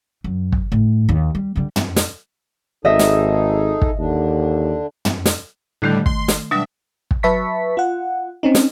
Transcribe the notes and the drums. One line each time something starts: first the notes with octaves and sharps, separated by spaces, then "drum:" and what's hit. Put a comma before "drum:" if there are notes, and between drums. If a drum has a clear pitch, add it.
F#2
drum: kick
A2
D#2
G3
D3 G3
drum: tom
drum: snare
G#1 D#4 G#4 A4 D#5 E5
drum: snare
drum: kick
D#2 D3 D4
drum: tom
drum: snare
A2 D3 D#3 G3 A3 F#6
C6, drum: kick
drum: snare
B2 F#3 G3 D4 E5
drum: kick
F#3 B4 E5 A5 C#6 B6
F4 F#5
C4 C#4 D#4
drum: snare